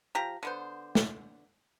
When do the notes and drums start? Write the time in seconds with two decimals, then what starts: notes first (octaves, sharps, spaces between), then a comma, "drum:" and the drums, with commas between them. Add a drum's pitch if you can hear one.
0.15 F3 G4 A#5
0.43 D3 B3 C5
0.95 drum: snare